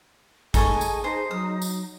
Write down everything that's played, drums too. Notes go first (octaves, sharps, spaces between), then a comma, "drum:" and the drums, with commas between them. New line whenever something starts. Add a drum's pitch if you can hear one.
D#4 G#4 A4 G#5 C#6, drum: kick, tambourine
drum: tambourine
D#4 C5
F#3 D#6
drum: tambourine